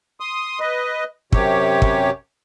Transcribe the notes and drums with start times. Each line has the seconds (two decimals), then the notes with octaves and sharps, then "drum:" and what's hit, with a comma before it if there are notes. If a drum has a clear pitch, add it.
0.20 C6 D#6
0.60 B4 D#5
1.32 F#2 C3 G4 C#5, drum: kick
1.82 drum: kick